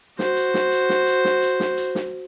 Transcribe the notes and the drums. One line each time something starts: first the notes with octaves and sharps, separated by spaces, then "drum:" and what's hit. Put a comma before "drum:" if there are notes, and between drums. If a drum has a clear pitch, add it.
F#4 C5, drum: snare
drum: hi-hat
drum: snare
drum: hi-hat
drum: snare
drum: hi-hat
drum: snare
drum: hi-hat
drum: snare
drum: hi-hat
drum: snare